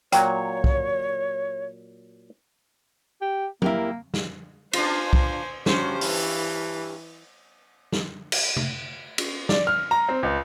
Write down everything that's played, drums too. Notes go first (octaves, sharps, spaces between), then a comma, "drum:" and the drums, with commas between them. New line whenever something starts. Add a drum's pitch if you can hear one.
A#2 F#3 C#5 G5, drum: hi-hat
drum: kick C2
G4
A#3 E4 G4 A#4, drum: tom F#3
drum: snare
D4 F4 C5 G#5, drum: cymbal
drum: kick C2
G2 C#4 F#4 C5, drum: snare
E3, drum: open hi-hat
drum: snare
drum: cymbal
drum: tom C3
drum: cymbal
D5, drum: snare
F6
A#5
C4
C#2